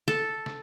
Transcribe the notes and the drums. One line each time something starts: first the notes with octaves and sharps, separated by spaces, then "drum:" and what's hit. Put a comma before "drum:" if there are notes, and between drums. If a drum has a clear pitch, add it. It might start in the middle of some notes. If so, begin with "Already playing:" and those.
A4, drum: snare
drum: snare